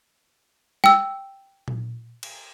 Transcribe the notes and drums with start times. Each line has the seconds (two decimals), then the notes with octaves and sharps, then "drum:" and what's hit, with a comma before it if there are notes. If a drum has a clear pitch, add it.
0.84 G5 E6, drum: snare
1.68 drum: tom A#2
2.23 drum: cymbal